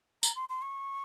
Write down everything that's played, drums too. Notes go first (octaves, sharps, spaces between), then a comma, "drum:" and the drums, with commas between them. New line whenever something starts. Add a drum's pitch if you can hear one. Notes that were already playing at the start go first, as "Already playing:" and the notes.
A#5, drum: tambourine
C6
C6
C#6